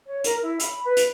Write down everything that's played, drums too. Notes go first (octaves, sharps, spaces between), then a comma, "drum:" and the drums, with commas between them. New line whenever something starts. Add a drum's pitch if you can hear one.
C#5
A#4, drum: hi-hat
E4
B5, drum: hi-hat
B4
drum: hi-hat